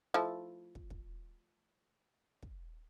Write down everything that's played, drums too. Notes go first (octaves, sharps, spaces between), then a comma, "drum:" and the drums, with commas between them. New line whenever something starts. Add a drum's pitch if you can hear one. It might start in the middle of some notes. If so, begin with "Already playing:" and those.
F3 A3 E4
drum: kick
drum: kick
drum: kick